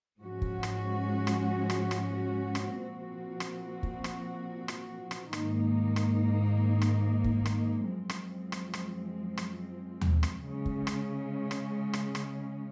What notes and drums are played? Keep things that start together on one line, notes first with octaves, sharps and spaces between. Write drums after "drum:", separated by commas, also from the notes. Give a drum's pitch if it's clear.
G#2 F3 G#3 C#4 F#4
drum: kick
drum: rim click
drum: rim click
drum: rim click
drum: rim click
drum: rim click
A#2 F3 C4 F#4
drum: rim click
drum: kick
drum: rim click
drum: rim click
drum: rim click
G#2 D#3 A#3 D#4, drum: rim click
drum: rim click
drum: rim click
drum: kick
drum: rim click
F#2 F3 G#3 C4
drum: rim click
drum: rim click
drum: rim click
drum: rim click
drum: tom D#2
drum: rim click
C#3 G#3 C#4
drum: kick
drum: rim click
drum: rim click
drum: rim click
drum: rim click